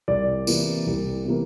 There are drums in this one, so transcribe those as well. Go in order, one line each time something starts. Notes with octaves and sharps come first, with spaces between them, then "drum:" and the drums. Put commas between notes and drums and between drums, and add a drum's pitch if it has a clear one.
C2 D5
C3 E3 A#3, drum: tambourine
C2
C3 E3 A#3